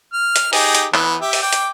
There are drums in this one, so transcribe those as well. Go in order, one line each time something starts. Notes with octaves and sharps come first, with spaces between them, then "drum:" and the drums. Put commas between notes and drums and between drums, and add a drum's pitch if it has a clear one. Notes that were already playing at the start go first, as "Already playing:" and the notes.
F6
drum: hi-hat
D#4 G4 G#4, drum: open hi-hat
drum: hi-hat
E3 B3, drum: clap
G4 E5
drum: open hi-hat
G5 D6
drum: hi-hat